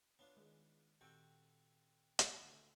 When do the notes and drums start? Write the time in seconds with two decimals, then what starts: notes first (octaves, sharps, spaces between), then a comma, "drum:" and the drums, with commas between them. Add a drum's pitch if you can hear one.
0.19 B3 D4 F4 C#5
0.37 D#3 G#3
1.01 A#2 D#3 C4 F#4 G4 A4 G5
2.19 drum: hi-hat
2.45 D2 G#5